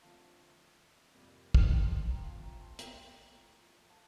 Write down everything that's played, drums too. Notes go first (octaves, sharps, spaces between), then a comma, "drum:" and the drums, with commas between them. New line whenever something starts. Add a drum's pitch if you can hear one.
D3 F3 A3 C4 F5 A5
F2 C3 G3 A#3
drum: kick
G5 A#5
A5 C6
A5 C6
G5 A#5
A#2 A3 C4 F5 A5
G5 A#5
A5 C6
G5 A#5, drum: hi-hat
A2 F3 A3
F5 A5